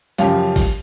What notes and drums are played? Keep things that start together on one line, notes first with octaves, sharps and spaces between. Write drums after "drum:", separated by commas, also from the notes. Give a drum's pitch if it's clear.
F#2 C#3 F3 G4 F5, drum: hi-hat
drum: kick, open hi-hat